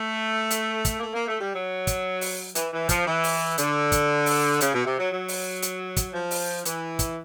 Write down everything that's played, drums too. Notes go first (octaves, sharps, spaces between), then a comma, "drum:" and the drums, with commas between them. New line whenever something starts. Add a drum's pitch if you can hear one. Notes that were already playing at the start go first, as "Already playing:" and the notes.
Already playing: A3
drum: hi-hat
drum: kick, hi-hat
A#3
A3
A#3
A3
G3
F#3
drum: kick, hi-hat
drum: open hi-hat
E3, drum: hi-hat
E3
F3, drum: kick, hi-hat
E3
drum: open hi-hat
D3, drum: hi-hat
drum: kick, hi-hat
drum: open hi-hat
C#3, drum: hi-hat
B2
C3
F#3
F#3
drum: open hi-hat
drum: hi-hat
drum: kick, hi-hat
F3
drum: open hi-hat
E3, drum: hi-hat
drum: kick, hi-hat